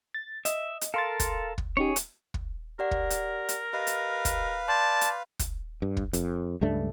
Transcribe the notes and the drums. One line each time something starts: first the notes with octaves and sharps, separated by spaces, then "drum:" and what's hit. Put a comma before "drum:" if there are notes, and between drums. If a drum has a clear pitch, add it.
A6
D#5 E5, drum: hi-hat
drum: hi-hat
A4 A#4 F5 C6 A6
drum: kick, hi-hat
drum: kick
C#4 D#4 G4 G#4 C#5
drum: hi-hat
drum: kick
G4 A#4 D5 F#5
drum: kick
drum: hi-hat
drum: hi-hat
G4 B4 D#5 F5 A#6
drum: hi-hat
drum: kick, hi-hat
D5 A5 C6 G6 A6
drum: hi-hat
drum: kick, hi-hat
G2
drum: kick
F2, drum: hi-hat
C#2 G2 A3 D4